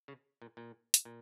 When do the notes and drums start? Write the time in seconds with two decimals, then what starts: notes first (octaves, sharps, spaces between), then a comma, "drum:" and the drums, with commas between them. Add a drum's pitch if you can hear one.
0.08 C#3
0.42 A#2
0.57 A#2
0.94 drum: hi-hat
1.05 A#2